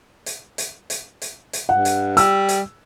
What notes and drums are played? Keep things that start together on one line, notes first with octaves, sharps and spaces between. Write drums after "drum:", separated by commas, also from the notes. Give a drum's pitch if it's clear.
drum: hi-hat
drum: hi-hat
drum: hi-hat
drum: hi-hat
drum: hi-hat
G2 F#5
drum: hi-hat
G3 E6, drum: hi-hat
drum: hi-hat